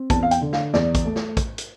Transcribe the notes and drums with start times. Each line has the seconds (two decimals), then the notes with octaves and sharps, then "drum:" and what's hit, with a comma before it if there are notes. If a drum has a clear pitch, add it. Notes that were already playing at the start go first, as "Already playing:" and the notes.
Already playing: C4
0.10 E2 A5, drum: kick, hi-hat
0.23 F5
0.31 G5, drum: hi-hat
0.41 D3
0.53 F5, drum: snare
0.74 E2 D5, drum: snare
0.95 drum: kick, hi-hat
1.05 A3
1.16 drum: snare
1.37 drum: kick, hi-hat
1.58 drum: hi-hat